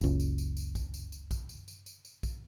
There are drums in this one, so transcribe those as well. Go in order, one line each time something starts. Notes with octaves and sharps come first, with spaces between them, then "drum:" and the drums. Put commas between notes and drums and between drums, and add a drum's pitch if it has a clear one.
F#1 C#2, drum: tambourine
drum: tambourine
drum: tambourine
drum: tambourine
drum: kick A#1, tambourine
drum: tambourine
drum: tambourine
drum: kick A#1, tambourine
drum: tambourine
drum: tambourine
drum: tambourine
drum: tambourine
drum: kick A#1, tambourine